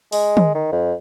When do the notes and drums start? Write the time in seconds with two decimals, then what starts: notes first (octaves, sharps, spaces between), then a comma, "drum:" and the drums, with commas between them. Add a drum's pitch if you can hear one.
0.12 G#3, drum: open hi-hat
0.37 drum: tom
0.55 D#3
0.72 F2